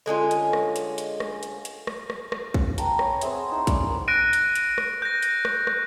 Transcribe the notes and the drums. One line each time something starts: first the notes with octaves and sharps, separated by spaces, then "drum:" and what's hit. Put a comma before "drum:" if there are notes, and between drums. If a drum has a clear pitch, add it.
D3 G#3 C#4 F4
drum: hi-hat
drum: rim click
drum: hi-hat
drum: hi-hat
drum: rim click
drum: hi-hat
drum: hi-hat
drum: rim click
drum: rim click
drum: rim click
drum: kick
B4 G5 A5 A#5, drum: hi-hat
C#5 G#5, drum: rim click
B3 C4 G#4 E5, drum: hi-hat
D#4 E4 E6
D5, drum: kick, hi-hat
A#3
F#6 A#6 D7 D#7
drum: hi-hat
drum: hi-hat
drum: rim click
G6 A#6
drum: hi-hat
drum: rim click
drum: rim click